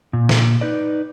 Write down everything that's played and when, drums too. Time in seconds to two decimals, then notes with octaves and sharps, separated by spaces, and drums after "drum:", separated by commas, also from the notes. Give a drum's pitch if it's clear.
0.13 A#2
0.29 drum: snare
0.61 D#4 B4 D5